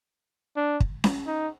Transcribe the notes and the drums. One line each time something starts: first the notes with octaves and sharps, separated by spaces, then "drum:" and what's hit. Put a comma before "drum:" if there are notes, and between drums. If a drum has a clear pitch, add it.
D4
drum: kick
drum: snare C#4
D#4